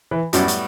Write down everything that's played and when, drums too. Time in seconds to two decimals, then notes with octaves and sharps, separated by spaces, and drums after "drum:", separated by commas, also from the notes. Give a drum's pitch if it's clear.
0.11 E3
0.33 F#2 A2 F#3 G3 B3 F#4, drum: hi-hat
0.48 drum: hi-hat